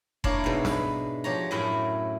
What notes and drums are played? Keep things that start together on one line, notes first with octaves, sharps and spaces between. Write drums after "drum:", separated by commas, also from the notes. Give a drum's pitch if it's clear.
A#3 D4 E4 A#4 C#5 D5, drum: kick F1
G#2 B2
B4, drum: snare
F3 G4 C#5 A#5
F#2 A2 E4 G5 B5